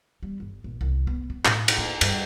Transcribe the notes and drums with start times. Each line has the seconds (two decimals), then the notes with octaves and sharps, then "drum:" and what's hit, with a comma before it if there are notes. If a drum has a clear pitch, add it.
0.23 G3
0.40 G1
0.64 A#1
0.81 C2
1.07 B3
1.30 B3
1.45 A2, drum: clap
1.68 drum: cymbal
1.78 A#3
2.01 G2, drum: cymbal